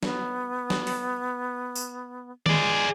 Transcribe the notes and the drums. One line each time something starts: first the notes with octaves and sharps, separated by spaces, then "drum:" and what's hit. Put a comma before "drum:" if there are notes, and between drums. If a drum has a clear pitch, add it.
B3, drum: snare
drum: snare
drum: open hi-hat
drum: tambourine
G#3 G#4 D5, drum: tom D#3